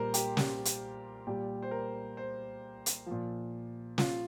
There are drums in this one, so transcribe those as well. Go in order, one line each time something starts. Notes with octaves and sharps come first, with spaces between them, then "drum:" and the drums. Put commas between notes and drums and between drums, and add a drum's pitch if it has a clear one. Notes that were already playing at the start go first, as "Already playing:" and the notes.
Already playing: A#2 G3 A#4 C5
G4, drum: hi-hat
G4, drum: snare
drum: hi-hat
A#2 G3 G4
C5
A#4
C5
drum: hi-hat
A#2 F3
F4, drum: snare